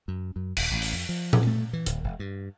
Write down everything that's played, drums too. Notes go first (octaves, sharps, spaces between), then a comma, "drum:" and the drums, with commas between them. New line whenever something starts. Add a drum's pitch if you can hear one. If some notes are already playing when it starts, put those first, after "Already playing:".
F#2
F#2
D#1, drum: cymbal
A1
drum: open hi-hat
F2
F3
drum: tom A#2
A3
E3
D1, drum: hi-hat
E1
G2